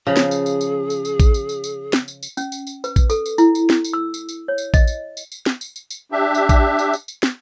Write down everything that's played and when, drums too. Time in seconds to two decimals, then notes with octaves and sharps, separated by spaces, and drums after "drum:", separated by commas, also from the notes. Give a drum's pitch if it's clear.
0.07 C#3 F3 G#4
0.17 drum: snare
0.31 drum: tambourine
0.46 drum: tambourine
0.61 drum: tambourine
0.90 drum: tambourine
1.05 drum: tambourine
1.20 drum: kick A1, tambourine
1.34 drum: tambourine
1.49 drum: tambourine
1.64 drum: tambourine
1.93 drum: snare
2.08 drum: tambourine
2.23 drum: tambourine
2.37 C#4, drum: tambourine
2.52 drum: tambourine
2.67 drum: tambourine
2.84 B4, drum: tambourine
2.96 drum: kick A1, tambourine
3.10 A4, drum: tambourine
3.26 drum: tambourine
3.38 E4, drum: tambourine
3.55 drum: tambourine
3.70 drum: snare
3.84 drum: tambourine
3.93 E6
4.14 drum: tambourine
4.29 drum: tambourine
4.48 C#5
4.58 drum: tambourine
4.74 D#5, drum: kick A1, tambourine
4.87 drum: tambourine
5.17 drum: tambourine
5.32 drum: tambourine
5.46 drum: snare
5.61 drum: tambourine
5.76 drum: tambourine
5.90 drum: tambourine
6.12 D4 G4 E5
6.35 drum: tambourine
6.49 drum: kick A1, tambourine
6.79 drum: tambourine
6.93 drum: tambourine
7.08 drum: tambourine
7.23 drum: snare